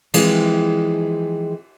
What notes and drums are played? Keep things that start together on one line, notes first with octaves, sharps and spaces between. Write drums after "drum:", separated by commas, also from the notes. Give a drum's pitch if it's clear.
E3 F3 G#3 C4 G#4 B4, drum: cymbal